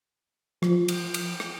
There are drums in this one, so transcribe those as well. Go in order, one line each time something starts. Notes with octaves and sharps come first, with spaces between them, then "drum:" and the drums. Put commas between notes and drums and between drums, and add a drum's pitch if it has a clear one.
F3, drum: rim click
drum: cymbal
drum: cymbal
drum: rim click